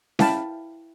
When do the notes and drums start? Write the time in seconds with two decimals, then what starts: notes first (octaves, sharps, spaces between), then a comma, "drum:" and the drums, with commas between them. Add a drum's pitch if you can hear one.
0.19 E4 F5 G5 A5 B5, drum: snare C#4